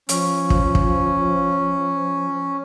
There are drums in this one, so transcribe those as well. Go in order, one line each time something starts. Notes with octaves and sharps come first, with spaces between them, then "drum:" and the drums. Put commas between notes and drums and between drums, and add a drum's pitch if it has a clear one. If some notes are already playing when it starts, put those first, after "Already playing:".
F3 C#4, drum: hi-hat
drum: kick
drum: kick